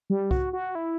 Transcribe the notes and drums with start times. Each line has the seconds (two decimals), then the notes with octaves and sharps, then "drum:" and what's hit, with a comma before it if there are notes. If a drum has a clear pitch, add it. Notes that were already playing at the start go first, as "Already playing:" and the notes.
0.10 G3
0.31 F#4, drum: kick C2
0.53 F#4
0.75 E4